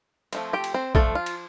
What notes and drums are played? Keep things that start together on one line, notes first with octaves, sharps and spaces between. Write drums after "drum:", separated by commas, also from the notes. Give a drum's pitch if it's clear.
F3 A3 C4, drum: cymbal
G4 G5
drum: cymbal
C4 C5
F3 A3 D4 A4, drum: kick
F4
drum: cymbal